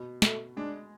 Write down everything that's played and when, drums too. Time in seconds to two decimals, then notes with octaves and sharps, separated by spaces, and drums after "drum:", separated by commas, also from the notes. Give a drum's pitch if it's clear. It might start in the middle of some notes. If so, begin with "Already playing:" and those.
Already playing: B2
0.22 B2 A3, drum: snare
0.57 G#3 D4